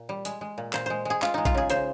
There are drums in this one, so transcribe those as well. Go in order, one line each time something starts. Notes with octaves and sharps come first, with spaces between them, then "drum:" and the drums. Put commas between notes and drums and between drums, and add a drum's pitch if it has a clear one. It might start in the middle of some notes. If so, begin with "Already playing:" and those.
Already playing: A#2
G3
G#3, drum: hi-hat
G#3
A#2
A#2 C5, drum: clap
G#3 C5
G#3 G#4
G#3 F4, drum: clap
G#3 D#4
F4, drum: kick A#1, hi-hat
C#3 G#4
C#3 C5, drum: hi-hat